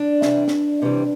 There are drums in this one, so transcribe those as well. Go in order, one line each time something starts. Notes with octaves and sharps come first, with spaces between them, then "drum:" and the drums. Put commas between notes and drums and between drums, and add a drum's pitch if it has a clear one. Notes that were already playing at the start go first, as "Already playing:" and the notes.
Already playing: D4
C3 E3 G3, drum: snare
drum: snare
C3 E3 G3